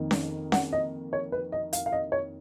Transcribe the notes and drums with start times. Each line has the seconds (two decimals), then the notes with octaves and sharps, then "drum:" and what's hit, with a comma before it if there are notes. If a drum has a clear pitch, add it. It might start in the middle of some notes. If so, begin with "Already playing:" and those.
Already playing: F2 D#3 A#3
0.11 drum: snare C#4
0.52 F#5, drum: snare C#4
0.73 D#5
1.13 C#5
1.32 B4
1.52 D#5
1.73 F5, drum: hi-hat
1.86 F5
1.92 D#5
2.12 C#5